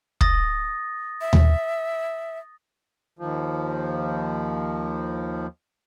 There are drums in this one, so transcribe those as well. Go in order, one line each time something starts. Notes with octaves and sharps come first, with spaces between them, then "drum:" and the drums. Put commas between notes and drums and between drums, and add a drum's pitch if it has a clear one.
D#6 A6 A#6, drum: kick
E5
drum: tom D#2
D#2 F3